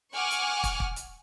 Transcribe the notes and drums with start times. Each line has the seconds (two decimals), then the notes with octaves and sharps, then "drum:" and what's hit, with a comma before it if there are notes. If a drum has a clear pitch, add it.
0.14 F#5 G#5 C#6 D6 F6
0.31 drum: hi-hat
0.63 drum: kick, hi-hat
0.80 drum: kick
0.96 drum: hi-hat